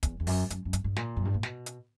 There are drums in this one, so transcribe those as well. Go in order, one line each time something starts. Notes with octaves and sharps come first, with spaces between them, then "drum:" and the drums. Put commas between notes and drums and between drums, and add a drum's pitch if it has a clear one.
E2, drum: kick, hi-hat
E2
F#2, drum: open hi-hat
F#2, drum: hi-hat
F#2
G2, drum: hi-hat
G2
A#2, drum: snare
F#2
G2
A#2
B2, drum: snare
drum: hi-hat